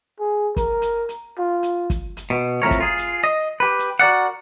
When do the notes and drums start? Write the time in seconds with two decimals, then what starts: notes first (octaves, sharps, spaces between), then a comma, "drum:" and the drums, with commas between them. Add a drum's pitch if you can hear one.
0.20 G#4
0.56 A#4, drum: kick, hi-hat
0.82 drum: hi-hat
1.09 drum: hi-hat
1.39 F4
1.63 drum: hi-hat
1.90 drum: kick, hi-hat
2.17 drum: hi-hat
2.30 B2
2.62 F2 A2 A#4 C#5
2.71 drum: kick, hi-hat
2.80 F4 G#4
2.98 drum: hi-hat
3.24 D#5
3.60 G4 B4
3.79 drum: hi-hat
4.00 F#4 A#4 D5 F#5